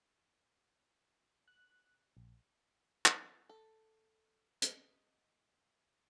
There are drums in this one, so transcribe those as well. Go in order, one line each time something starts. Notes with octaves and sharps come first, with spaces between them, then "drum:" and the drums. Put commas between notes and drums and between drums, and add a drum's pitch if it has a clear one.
F#6
A#1
drum: clap
A4
D#5, drum: hi-hat